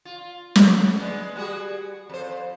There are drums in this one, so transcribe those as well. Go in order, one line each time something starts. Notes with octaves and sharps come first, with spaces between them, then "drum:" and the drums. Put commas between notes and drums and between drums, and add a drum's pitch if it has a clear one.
F4
drum: snare
D3
G#3 B3
G3 F#4 G#4
F2 C5